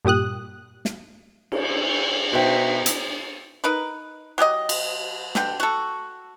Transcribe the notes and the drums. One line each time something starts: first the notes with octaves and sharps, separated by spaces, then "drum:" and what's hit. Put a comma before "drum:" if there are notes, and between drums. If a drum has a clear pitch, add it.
G2 A#2 G4 D#6 F#6
drum: snare
drum: cymbal
B2 D#4 C5 E5 G5
drum: hi-hat
D#4 A#4 B4
F#3 G4 G#4 D#5
drum: cymbal
B2 D3 G5, drum: snare
F#4 A4